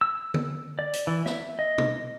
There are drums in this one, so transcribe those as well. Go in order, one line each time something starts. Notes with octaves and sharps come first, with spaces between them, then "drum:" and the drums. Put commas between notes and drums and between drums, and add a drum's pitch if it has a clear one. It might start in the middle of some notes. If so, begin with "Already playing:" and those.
E6
drum: tom D3
D5
drum: hi-hat
E3
E5, drum: snare
D#5
drum: tom B2